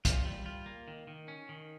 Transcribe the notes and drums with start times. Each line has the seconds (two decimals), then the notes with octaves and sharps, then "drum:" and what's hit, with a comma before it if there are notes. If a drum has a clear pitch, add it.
0.05 F4, drum: kick, hi-hat
0.25 G3
0.46 F4
0.66 A#3
0.88 D#3
1.07 D#3
1.28 C#4
1.49 D#3